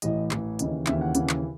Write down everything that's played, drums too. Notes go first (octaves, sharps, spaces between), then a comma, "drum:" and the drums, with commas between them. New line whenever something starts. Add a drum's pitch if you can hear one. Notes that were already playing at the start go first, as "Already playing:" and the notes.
A1 A2 E3 D#5, drum: hi-hat
A1 A2 E3, drum: clap
D#2 C#3 E3 D#5, drum: hi-hat
D#2 C#3 E3 E5, drum: clap
F#5
D#2 C#3 E3, drum: hi-hat
drum: clap